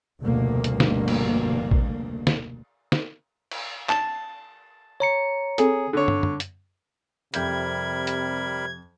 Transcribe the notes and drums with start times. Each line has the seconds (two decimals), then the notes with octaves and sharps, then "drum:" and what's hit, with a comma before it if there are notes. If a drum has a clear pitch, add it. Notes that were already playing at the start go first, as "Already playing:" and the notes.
0.22 F1 D2 G2 B2 A#3
0.64 drum: hi-hat
0.80 drum: snare
1.08 drum: cymbal
1.71 drum: kick A1
2.27 drum: snare
2.92 drum: snare
3.51 drum: cymbal
3.89 A5, drum: clap
5.00 C#5 A#5 C#7
5.58 C4 G#4 A4, drum: hi-hat
5.93 D3 C#5
6.08 drum: tom
6.23 drum: tom
6.40 drum: hi-hat
7.34 F2 C3 G3 A#4 E5 B5 G6 G#6, drum: hi-hat
8.07 drum: hi-hat